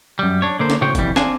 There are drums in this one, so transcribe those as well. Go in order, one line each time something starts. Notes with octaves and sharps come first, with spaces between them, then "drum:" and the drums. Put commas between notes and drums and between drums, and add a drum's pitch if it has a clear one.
F#2 G3
D4 C#5
D3 A#3 C5
drum: snare
A2 C#3 F#4 C5 C#5 G5
C2 F2 E3 G3, drum: kick, hi-hat
C4 D4 F5 G#5 A5, drum: snare